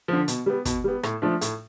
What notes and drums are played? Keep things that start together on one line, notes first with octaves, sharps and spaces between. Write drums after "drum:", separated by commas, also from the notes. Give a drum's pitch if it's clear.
D3 F3
B2, drum: hi-hat
G3 B3
B2, drum: kick, hi-hat
G3 B3
A2, drum: rim click
F3 A3 D4 F4
A2, drum: hi-hat